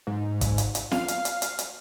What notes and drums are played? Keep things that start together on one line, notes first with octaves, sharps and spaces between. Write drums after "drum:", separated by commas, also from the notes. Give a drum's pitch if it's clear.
G#2
drum: kick, hi-hat
drum: hi-hat
drum: hi-hat
F5, drum: snare
drum: hi-hat
drum: hi-hat
drum: hi-hat
drum: hi-hat